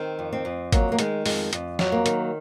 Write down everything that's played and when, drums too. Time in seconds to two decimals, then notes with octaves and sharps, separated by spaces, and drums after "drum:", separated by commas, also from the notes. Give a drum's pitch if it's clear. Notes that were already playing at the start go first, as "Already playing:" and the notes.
Already playing: D#3 C4
0.19 F2
0.33 C4
0.45 F2
0.72 F#3 A#3, drum: kick G#1, hi-hat
0.92 A#3
0.99 D#3 G#3, drum: hi-hat
1.26 F2 G#3, drum: open hi-hat
1.53 F2, drum: hi-hat
1.79 F#3, drum: snare
1.92 A#3
2.06 D#3, drum: hi-hat